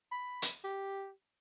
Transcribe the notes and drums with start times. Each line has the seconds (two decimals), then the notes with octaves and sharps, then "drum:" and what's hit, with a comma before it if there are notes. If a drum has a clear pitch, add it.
0.11 B5
0.42 drum: hi-hat
0.64 G4